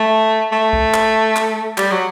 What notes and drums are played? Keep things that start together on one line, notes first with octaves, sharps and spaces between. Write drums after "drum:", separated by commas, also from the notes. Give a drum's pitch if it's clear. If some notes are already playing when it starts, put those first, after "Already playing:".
Already playing: A3
A3
drum: kick B1
drum: clap
drum: clap
G3, drum: clap
F#3